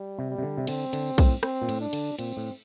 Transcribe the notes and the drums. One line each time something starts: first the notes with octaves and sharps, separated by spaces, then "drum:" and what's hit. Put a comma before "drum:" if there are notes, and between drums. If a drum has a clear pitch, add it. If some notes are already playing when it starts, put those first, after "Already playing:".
Already playing: G3
C3
G3
C3
D3
C3
D3 C4, drum: cymbal
D3, drum: cymbal
A2, drum: kick B1, cymbal
C4, drum: rim click
A#2
A2, drum: cymbal
D4
D3, drum: cymbal
A#2 C4, drum: cymbal
A2